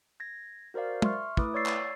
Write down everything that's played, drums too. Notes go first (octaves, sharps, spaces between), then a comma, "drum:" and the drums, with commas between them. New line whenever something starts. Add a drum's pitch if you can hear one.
G#6 A#6
F#4 A#4 C5 D5 F5
E5 C6 C#6 F6, drum: tom
A3 E4 B4 D6 D#6, drum: kick
C#5 D5 C#6 E6 A6 C7
drum: clap